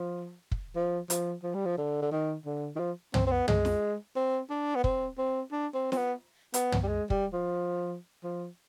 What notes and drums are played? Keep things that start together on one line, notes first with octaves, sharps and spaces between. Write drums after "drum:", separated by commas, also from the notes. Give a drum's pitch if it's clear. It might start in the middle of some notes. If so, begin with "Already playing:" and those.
Already playing: F3
drum: kick
F3
F3, drum: hi-hat
F3
G3
F3
D3
D3
D#3
D3
D#3
F3
C4, drum: tom
C4
B3
G#3, drum: tom
drum: snare
C4
D4
B3
C4, drum: kick
C4
D4
C4
C4, drum: snare
B3
B3, drum: hi-hat
drum: tom
G3
G#3
G3, drum: kick
F3
F3